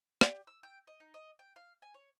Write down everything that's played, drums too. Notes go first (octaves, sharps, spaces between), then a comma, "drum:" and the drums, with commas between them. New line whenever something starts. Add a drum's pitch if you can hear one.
G4, drum: rim click
E6
G5
D#5
D#4
D#5
G5
F5
G#5
C#5